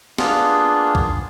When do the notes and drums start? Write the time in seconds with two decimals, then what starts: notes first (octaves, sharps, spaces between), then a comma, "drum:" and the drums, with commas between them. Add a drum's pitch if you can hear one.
0.18 A#3 B3 D4 F4 G#4, drum: snare
0.95 drum: kick C2